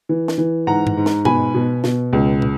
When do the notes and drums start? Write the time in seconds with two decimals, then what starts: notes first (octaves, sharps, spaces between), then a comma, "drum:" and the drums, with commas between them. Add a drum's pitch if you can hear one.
0.09 E3
0.28 drum: snare
0.38 E3
0.67 G#2 F#5 A#5
0.87 drum: tom G2
0.97 G#2
1.06 drum: snare
1.25 B2 G#5 B5, drum: tom G2
1.55 B2
1.84 B2, drum: snare
2.13 C#2
2.42 drum: tom